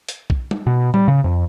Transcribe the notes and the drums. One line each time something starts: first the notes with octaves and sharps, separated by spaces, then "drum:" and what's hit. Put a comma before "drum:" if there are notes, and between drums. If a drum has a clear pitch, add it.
drum: hi-hat
drum: kick B1
drum: tom
B2
G3, drum: tom A2
C#3
F2